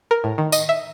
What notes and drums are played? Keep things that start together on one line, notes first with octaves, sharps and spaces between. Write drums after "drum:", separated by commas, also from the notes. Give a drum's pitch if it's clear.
A#4
A2
D#3
D#5, drum: tambourine
E5